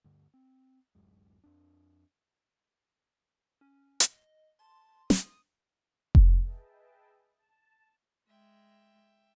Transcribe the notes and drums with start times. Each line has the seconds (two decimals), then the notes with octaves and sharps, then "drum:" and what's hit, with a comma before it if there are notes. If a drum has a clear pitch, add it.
0.04 D2 G2 D3
0.34 C4
0.95 D1 A#1 F#2 G#3
1.44 F2 D4
3.61 C#4
4.00 drum: hi-hat
4.11 D#5
4.59 A5 C6
5.10 D#6, drum: snare
6.15 drum: kick F1
6.43 G#4 B4 D#5 E5 G5 A5
7.39 A5
8.27 G#3 E5 G5